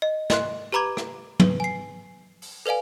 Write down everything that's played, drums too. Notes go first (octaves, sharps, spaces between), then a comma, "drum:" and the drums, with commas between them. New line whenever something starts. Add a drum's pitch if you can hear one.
D#5
D#5 C6 F#6, drum: snare
G4 B4 A#5 B5 D6 G#6
drum: rim click
B4, drum: tom
G#5 C7
drum: open hi-hat
A4 B4 D5 F5 G#5